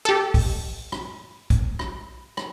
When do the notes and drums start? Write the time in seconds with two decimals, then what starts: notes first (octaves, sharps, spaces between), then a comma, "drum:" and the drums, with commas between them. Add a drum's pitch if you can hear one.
0.05 G4 A4
0.34 drum: kick, open hi-hat
0.92 drum: rim click
1.50 drum: kick, hi-hat
1.79 drum: rim click
2.37 drum: rim click